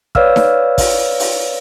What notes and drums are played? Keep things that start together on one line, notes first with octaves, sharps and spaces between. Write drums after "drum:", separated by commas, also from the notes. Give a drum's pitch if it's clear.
B4 C#5 D5 F5 E6 F6, drum: kick
drum: snare D#4
drum: kick, open hi-hat
drum: open hi-hat